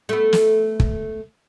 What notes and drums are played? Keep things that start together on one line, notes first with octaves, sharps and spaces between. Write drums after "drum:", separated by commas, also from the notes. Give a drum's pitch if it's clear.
A3 B3
drum: snare
drum: kick